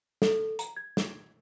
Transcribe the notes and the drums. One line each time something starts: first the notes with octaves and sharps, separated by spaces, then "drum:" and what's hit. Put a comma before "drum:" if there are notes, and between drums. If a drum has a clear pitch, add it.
A4, drum: snare
A#5, drum: hi-hat
G#6
drum: snare